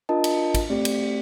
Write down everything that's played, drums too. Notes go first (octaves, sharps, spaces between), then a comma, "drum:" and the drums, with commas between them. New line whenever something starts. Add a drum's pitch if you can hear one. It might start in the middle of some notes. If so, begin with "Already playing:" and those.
D4 F4 A#4 D#5 A5
drum: cymbal
drum: kick, cymbal
A3 C4 G4 D5
drum: cymbal